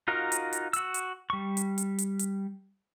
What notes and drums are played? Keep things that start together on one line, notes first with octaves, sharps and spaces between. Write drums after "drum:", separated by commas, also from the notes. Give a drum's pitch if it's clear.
D#4 F4 F#4 A#4 F5
drum: hi-hat
drum: hi-hat
F#4 E6, drum: hi-hat
drum: hi-hat
G3 C#6
drum: hi-hat
drum: hi-hat
drum: hi-hat
drum: hi-hat